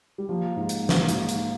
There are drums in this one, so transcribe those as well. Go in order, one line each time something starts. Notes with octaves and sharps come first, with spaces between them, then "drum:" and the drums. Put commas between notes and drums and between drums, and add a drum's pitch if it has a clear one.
G3
F3 A#3
G#2
drum: hi-hat
drum: snare
G#2, drum: hi-hat
drum: hi-hat